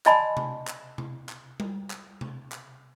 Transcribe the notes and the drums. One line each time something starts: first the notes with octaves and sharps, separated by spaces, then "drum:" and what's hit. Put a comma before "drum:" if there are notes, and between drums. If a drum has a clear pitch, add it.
D5 D#5 G#5 A5 B5 C6, drum: clap
drum: tom C3
drum: clap
drum: tom C3
drum: clap
drum: tom G3
drum: clap
drum: tom C3
drum: clap